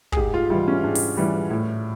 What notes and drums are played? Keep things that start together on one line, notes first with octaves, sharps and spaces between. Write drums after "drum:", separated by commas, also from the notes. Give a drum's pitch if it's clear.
G#4, drum: kick
G#2 G4
F4
E3 G3 E4
C#4
G#2 D4
drum: open hi-hat
E3 G3
A2